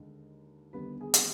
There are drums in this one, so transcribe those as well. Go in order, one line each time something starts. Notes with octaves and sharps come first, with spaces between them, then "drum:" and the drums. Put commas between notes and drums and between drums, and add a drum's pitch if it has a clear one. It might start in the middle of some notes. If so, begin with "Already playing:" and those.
Already playing: D#2 D3 G#3 D#4
D#2 D3 G3 B3 B4 B5
G#4 G#5
drum: hi-hat